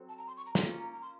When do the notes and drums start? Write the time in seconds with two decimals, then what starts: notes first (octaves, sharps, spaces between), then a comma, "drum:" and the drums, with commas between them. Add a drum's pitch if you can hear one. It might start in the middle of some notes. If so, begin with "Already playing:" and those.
Already playing: F#3 C4 A4
0.09 A5
0.18 A#5
0.27 C6
0.37 C#6
0.46 A#5
0.55 C6, drum: snare
0.64 A#3 C#4 F4 A#4
0.79 A#5
0.93 A#5
1.02 C6